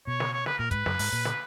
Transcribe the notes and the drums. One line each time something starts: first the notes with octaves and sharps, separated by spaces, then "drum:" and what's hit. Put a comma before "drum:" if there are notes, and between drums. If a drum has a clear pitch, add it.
B2 C#5
drum: snare
C#5
B4, drum: snare
A#2 A#4
G#2 B4, drum: kick, hi-hat
F#2, drum: snare
G#2, drum: open hi-hat
A#2
drum: snare